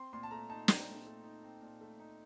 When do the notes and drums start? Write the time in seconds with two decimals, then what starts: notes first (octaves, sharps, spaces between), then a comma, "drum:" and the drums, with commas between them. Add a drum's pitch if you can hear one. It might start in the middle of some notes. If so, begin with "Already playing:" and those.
Already playing: C4 C6
0.13 A#2 C6
0.23 A5
0.31 A3 A#5
0.49 D#4 A5
0.68 C4, drum: snare
0.87 A#2
1.06 A3
1.24 D#4
1.43 C4
1.62 A#2
1.81 A3
1.99 D#4